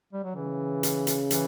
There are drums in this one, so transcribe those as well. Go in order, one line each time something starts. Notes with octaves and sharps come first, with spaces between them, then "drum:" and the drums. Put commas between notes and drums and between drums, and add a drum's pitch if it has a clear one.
G3
F#3
C#3 E3
drum: hi-hat
drum: hi-hat
E3, drum: hi-hat